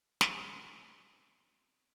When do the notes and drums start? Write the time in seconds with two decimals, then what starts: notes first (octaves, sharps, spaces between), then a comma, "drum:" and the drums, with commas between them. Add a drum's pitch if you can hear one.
0.21 B3 C4 D#4 F4, drum: snare